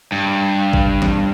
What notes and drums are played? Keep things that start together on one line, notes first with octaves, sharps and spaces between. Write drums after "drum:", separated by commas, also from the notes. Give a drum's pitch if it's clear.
G2
drum: kick
drum: snare